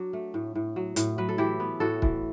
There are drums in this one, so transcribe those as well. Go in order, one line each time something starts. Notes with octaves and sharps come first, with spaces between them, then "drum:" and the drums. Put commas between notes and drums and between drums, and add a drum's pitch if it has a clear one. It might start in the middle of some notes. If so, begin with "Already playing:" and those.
Already playing: F#3 D4 F#4
A3
A2
A2
F#3
A2, drum: hi-hat
F#3 B4
A4
E3 E4 G4
B3
A2 F#4 A4
E3, drum: kick